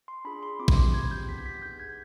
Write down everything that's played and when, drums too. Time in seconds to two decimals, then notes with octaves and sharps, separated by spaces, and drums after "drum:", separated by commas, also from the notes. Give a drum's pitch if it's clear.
0.08 C6
0.25 D4 F4 G#4 B5
0.43 C6
0.59 C4 F4 G#4 D6
0.68 C6, drum: kick A#1
0.76 D6
0.93 C4 G4 G#6
1.11 G6
1.28 B3 D4 G4 B6
1.46 B6
1.62 B3 D#4 G#4 G6
1.80 G#6